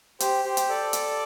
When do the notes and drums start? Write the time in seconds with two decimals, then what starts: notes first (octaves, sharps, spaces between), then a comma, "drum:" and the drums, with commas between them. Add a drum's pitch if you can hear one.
0.20 G4 C5, drum: hi-hat
0.45 G4 C5
0.57 drum: hi-hat
0.69 A4 D5
0.93 drum: hi-hat